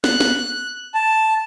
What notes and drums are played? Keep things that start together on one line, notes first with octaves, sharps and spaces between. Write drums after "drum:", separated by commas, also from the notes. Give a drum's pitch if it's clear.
F#6, drum: snare
drum: snare
A5